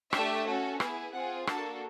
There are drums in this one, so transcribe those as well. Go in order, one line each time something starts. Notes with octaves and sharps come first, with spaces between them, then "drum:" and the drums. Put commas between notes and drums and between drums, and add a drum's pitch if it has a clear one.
A3 D4 G4 E5, drum: rim click
C#4 F#4 A4
B3 E4 G#4, drum: rim click
C4 F4 G#4 F#5
A#3 D4 F#4 A4 A5, drum: rim click